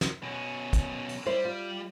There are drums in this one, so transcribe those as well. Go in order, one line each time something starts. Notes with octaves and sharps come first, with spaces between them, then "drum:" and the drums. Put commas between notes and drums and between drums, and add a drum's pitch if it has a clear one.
drum: snare
B2 C#4
drum: kick, hi-hat
drum: open hi-hat
G3 E4 C5
F4